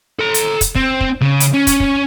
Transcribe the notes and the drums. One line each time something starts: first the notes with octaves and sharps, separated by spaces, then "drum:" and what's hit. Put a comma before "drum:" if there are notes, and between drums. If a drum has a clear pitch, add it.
A4 A#5
drum: hi-hat
drum: kick, hi-hat
C4, drum: kick
drum: kick
C#3
drum: hi-hat
C#4
drum: kick, hi-hat
drum: kick